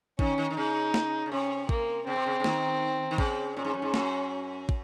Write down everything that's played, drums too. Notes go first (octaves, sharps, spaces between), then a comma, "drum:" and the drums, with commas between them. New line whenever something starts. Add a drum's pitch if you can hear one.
D#3 C#4, drum: kick
D#3
D#3
C#3 D#4
drum: snare
C#3
C3 C#4
A#3, drum: kick
C#3 C4
C3
C#3
C#3
D#3, drum: snare
D#3
C#3, drum: kick
A#2 C#4
G#2
F#2
G#2
F#2, drum: snare
drum: kick